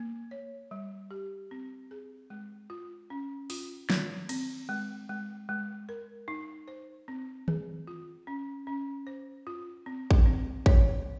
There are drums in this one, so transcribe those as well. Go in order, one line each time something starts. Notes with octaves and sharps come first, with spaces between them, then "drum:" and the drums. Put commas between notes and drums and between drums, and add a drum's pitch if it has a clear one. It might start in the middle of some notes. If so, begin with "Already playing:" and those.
Already playing: A#3
C#5
G3
G4
C4
G#4
G#3
F4
C#4
F4, drum: open hi-hat
D#3, drum: snare
C4, drum: cymbal
G#3
G#3
G#3
A#4
D#4
C5
C4
G#4, drum: tom D#3
F4
C#4
C#4
C5
F4
C4
drum: kick A1
C4
C#5, drum: kick A1